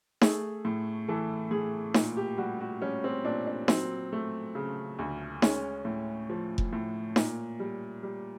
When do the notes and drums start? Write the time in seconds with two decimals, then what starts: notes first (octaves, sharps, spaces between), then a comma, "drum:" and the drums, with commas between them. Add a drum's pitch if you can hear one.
0.21 A3 G#4, drum: snare D#4
0.65 A2
1.08 E3 A4
1.51 A2 G#4
1.94 A#2, drum: snare D#4
2.17 G4
2.38 G3 F#4
2.61 F#4
2.82 G3 C#4
3.04 C4
3.25 A#2 D4
3.47 D4
3.68 F#3 C4, drum: snare D#4
4.13 A3
4.55 C#3
4.99 D2
5.42 G#3 C#4, drum: snare D#4
5.85 A2
6.30 F3
6.58 drum: kick F1
6.73 A2
7.16 A#2, drum: snare D#4
7.60 G3
8.03 G3